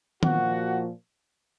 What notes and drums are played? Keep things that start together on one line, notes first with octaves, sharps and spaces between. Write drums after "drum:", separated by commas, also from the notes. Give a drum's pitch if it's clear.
A#2 F3 F#4, drum: tom D#3